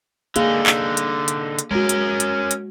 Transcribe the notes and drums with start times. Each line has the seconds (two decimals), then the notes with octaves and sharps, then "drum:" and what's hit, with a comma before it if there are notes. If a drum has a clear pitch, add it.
0.36 D3 A#3 D#4 G#4 F5, drum: hi-hat
0.66 drum: clap
0.97 drum: hi-hat
1.28 drum: hi-hat
1.59 drum: hi-hat
1.71 G#3 C#4 F#4 A#4
1.89 drum: hi-hat
2.20 drum: hi-hat
2.51 drum: hi-hat